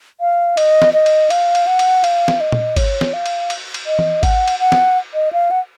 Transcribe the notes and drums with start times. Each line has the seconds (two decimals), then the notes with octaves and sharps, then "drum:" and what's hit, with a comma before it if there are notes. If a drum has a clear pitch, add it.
0.21 F5
0.57 D#5, drum: cymbal
0.82 drum: snare
0.94 D#5
1.06 drum: cymbal
1.30 F5, drum: cymbal
1.55 drum: cymbal
1.67 F#5
1.79 drum: cymbal
2.04 F5, drum: cymbal
2.28 drum: snare
2.41 D#5
2.52 drum: tom
2.76 C#5, drum: kick G#1, cymbal
3.01 drum: snare
3.13 F5
3.26 drum: cymbal
3.50 drum: cymbal
3.74 drum: cymbal
3.86 D#5
3.99 drum: tom E3
4.23 F#5, drum: kick G#1, cymbal
4.48 drum: cymbal
4.60 F#5
4.72 drum: snare
5.14 D#5
5.33 F5
5.51 F#5